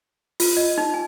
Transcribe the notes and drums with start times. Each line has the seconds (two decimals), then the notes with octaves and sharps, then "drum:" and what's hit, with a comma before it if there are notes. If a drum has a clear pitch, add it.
0.40 F4, drum: open hi-hat
0.57 D#5
0.78 D#4
0.94 G#5